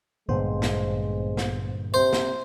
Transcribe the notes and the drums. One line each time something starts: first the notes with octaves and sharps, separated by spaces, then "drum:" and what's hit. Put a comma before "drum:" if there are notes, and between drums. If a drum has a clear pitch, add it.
A1 G2 A#2 D3 G#3 B3 C5
drum: snare
drum: snare
C3 C5
drum: snare